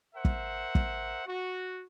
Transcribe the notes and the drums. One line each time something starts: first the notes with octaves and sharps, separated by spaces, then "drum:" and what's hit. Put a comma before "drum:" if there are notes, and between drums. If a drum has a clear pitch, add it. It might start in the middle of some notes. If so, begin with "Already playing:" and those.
A#4 C5 E5 F#5
drum: kick
drum: kick
F#4